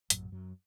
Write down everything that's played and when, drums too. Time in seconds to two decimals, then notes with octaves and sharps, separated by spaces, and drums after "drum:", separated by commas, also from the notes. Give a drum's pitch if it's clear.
0.10 A#1 F#2 A2 F#3, drum: hi-hat
0.32 F#2 F#3